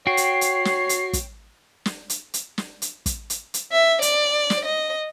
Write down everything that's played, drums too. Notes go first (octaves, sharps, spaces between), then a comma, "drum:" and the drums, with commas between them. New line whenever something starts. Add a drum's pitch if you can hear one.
F#4 C#5 G5 C7
drum: hi-hat
drum: hi-hat
drum: snare
drum: hi-hat
drum: kick, hi-hat
drum: snare
drum: hi-hat
drum: hi-hat
drum: snare
drum: hi-hat
drum: kick, hi-hat
drum: hi-hat
drum: hi-hat
E5
D5, drum: hi-hat
drum: snare
D#5